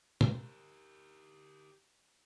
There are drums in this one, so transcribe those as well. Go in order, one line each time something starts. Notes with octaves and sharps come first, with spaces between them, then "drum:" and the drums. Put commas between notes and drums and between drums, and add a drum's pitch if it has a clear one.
G4 A#4, drum: tom